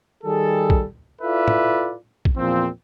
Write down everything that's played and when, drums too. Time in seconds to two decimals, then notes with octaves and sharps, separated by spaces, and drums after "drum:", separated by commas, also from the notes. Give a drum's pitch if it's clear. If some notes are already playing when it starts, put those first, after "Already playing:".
0.24 D#3 G3 G#4 A4
0.70 drum: kick
1.22 E4 F4 A4 B4 D5 E5
1.48 drum: tom
2.25 drum: kick
2.37 E2 A#2 F3 C4